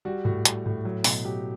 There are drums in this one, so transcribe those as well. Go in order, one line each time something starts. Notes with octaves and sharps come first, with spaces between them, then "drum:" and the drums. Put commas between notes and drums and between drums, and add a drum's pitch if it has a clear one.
G3 F#4
A2 F#4
G3, drum: hi-hat
A2
F#3
B2, drum: open hi-hat
F#3 G4